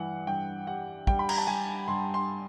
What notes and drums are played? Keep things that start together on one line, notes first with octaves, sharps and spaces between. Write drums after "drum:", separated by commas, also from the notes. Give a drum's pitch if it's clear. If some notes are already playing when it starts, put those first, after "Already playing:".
Already playing: G2 E3 F#5
G2 G5
G3 F#5
G3 G5, drum: kick
B5
A#5, drum: cymbal
A5
G3 G#5
G2 C6
C6